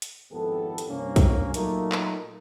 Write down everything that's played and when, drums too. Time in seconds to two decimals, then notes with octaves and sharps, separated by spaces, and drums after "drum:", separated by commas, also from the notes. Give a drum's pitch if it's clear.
0.02 drum: hi-hat
0.31 G#1 F2 B3 E4 G4 A4
0.78 drum: hi-hat
0.88 C2 G2 A#3 C#4
1.16 drum: kick, hi-hat
1.54 A#2 F#3 A3 A#3 D#4 A#4, drum: hi-hat
1.92 drum: clap